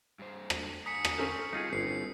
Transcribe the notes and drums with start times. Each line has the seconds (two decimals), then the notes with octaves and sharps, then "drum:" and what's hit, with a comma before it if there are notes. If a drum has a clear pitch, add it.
0.19 G2 C5
0.50 drum: rim click
0.86 D3 G#5 A#5 D#6 B6 C#7
1.05 drum: rim click
1.18 C#4 A4 A#4 C5
1.53 G3 C4 D#4 F4 G4 G#4
1.73 G1 C7